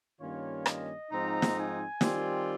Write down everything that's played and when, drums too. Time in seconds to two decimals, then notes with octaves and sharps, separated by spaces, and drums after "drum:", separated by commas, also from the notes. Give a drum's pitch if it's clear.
0.20 G2 D#3 A#3 C#4 F4 C#5
0.66 D#5, drum: rim click
1.11 G#2 F3 C4 D#4 A#5
1.42 drum: snare
1.56 G#5
2.01 D#3 G3 C4 F4, drum: snare